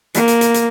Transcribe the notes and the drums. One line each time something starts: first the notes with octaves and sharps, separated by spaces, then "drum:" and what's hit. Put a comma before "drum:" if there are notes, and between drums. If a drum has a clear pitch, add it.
A#3, drum: hi-hat
drum: hi-hat
drum: hi-hat
drum: hi-hat